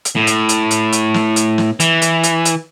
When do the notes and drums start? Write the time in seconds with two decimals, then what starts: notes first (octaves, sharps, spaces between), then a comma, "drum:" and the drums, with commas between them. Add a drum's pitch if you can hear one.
0.05 drum: hi-hat
0.16 A2
0.27 drum: hi-hat
0.49 drum: hi-hat
0.71 drum: hi-hat
0.92 drum: hi-hat
1.14 drum: snare
1.36 drum: hi-hat
1.58 drum: snare
1.80 E3, drum: hi-hat
2.02 drum: hi-hat
2.23 drum: hi-hat
2.45 drum: hi-hat